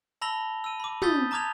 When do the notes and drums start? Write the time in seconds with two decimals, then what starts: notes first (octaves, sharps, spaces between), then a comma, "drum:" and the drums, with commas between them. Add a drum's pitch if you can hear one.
0.22 A5 B5 E6 A#6 F7 G7
0.64 E6 D#7
0.80 B5 D6
1.02 D#6 E6 G6 A6 B6 G7, drum: tom
1.31 A5 A#5 D6 F6 G#6 F7